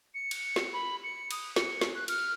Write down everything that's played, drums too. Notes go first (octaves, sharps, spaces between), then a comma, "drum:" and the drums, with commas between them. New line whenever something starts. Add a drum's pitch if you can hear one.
C#7
drum: cymbal
drum: snare
B5
C#7
D#6, drum: cymbal
C#7, drum: snare
drum: snare
F#6
F6, drum: cymbal